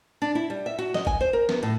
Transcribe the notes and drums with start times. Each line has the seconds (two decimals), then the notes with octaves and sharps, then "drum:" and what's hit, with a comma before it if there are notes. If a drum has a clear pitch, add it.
0.22 D4
0.35 E4
0.50 G3
0.66 E5
0.79 F#4
0.94 D#5, drum: snare
1.07 G#5, drum: kick
1.21 C5
1.33 A#4
1.49 B3, drum: snare
1.63 A2